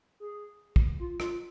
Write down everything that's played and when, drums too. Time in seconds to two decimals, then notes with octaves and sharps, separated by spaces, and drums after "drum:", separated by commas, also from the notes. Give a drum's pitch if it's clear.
0.20 G#4
0.76 drum: kick
1.00 F4
1.20 F4, drum: rim click